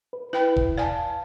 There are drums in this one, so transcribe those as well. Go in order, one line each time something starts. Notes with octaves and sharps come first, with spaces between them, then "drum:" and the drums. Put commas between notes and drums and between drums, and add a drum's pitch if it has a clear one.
B4
E4 B4 G5 B5
drum: kick E1
D5 F5 G#5 A5